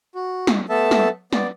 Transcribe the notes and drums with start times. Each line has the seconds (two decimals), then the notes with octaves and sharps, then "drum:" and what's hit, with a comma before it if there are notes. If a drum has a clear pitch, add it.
0.15 F#4
0.47 drum: snare
0.69 A3 B3 A4 E5 A5
0.91 drum: snare
1.33 B3 D5, drum: snare